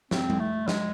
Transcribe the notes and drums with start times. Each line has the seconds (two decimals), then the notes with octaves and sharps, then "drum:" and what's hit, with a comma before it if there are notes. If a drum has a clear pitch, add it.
0.11 C4, drum: snare
0.30 drum: tom G3
0.40 A3
0.68 G#3, drum: snare